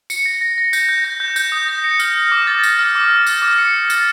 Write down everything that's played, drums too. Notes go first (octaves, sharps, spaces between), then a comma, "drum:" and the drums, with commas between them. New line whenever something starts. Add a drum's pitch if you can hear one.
C#7, drum: tambourine
A#6
A#6
A#6
G6, drum: tambourine
G6
A#6
G6
G6, drum: tambourine
D#6
A#6
C#7
F6, drum: tambourine
C#7
D6
A6
A6, drum: tambourine
F6
D6
D6
A6, drum: tambourine
D6
C#7
F6
A6, drum: tambourine